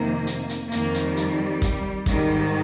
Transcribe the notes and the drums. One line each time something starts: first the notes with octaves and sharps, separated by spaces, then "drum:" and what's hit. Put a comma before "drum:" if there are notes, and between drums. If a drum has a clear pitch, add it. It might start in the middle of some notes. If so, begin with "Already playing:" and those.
Already playing: F2 C3 D#3 A#3
drum: hi-hat
drum: hi-hat
F2 D#3 A#3, drum: hi-hat
drum: hi-hat
G3
drum: hi-hat
drum: kick, hi-hat
G#2 D#3 G3, drum: kick, hi-hat